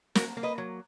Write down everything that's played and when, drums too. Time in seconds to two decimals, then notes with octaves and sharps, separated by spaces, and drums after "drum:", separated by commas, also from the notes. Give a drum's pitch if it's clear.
0.15 A#3 F#4 A#4, drum: snare
0.37 A#3
0.43 B4 D#5
0.58 F#3